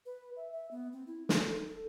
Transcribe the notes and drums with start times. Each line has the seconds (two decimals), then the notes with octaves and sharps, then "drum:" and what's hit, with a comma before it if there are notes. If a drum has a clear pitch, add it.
0.06 B4
0.36 E5
0.52 E5
0.71 B3
0.92 C4
1.07 E4
1.29 A4, drum: snare
1.54 D#4
1.67 A4